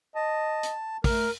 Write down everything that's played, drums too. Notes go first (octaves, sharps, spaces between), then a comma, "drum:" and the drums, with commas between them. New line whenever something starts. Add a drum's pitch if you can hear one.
D#5 A5
drum: hi-hat
A3 A#4, drum: kick, open hi-hat